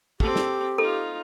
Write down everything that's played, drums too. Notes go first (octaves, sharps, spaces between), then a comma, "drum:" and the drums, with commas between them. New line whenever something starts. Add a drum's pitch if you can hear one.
C4 G4 A4, drum: kick
drum: snare
D#4 F4 A4